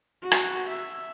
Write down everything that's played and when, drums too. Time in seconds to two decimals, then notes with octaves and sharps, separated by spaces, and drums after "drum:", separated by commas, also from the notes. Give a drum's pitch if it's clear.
0.22 F#4
0.32 drum: rim click
0.70 E5